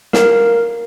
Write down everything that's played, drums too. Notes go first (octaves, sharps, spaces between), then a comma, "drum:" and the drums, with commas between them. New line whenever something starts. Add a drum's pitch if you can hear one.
A#4 F5, drum: snare